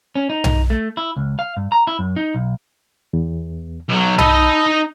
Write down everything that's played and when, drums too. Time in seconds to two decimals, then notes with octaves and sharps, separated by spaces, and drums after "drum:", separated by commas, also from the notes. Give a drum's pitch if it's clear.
0.15 C#4
0.30 D#4
0.44 drum: tom B1
0.70 A3
0.97 E4
1.16 C#2
1.39 F5
1.57 G2
1.72 A#5
1.87 E4
1.99 F#2
2.16 D#4
2.35 B1
3.13 E2
3.89 B1 F#3
4.18 D#4 D#5 A5 B5 E6, drum: tom B1